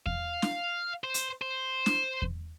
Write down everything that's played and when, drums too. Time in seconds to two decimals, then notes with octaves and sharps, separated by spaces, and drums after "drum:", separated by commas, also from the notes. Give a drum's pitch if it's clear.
0.06 F5, drum: kick E2
0.42 drum: snare
1.04 C5
1.14 drum: hi-hat
1.42 C5
1.86 drum: snare
2.22 drum: kick E2